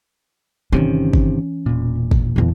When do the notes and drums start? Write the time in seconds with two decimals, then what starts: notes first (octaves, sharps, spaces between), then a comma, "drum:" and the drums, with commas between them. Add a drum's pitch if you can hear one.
0.72 G1 C3 D#3 E3 C#4
1.13 drum: kick
1.66 E1 A#2
2.11 drum: kick
2.36 E2 D3